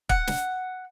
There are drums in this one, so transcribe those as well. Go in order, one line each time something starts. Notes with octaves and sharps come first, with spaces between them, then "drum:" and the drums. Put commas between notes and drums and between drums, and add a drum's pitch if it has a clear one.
F#5, drum: kick
drum: snare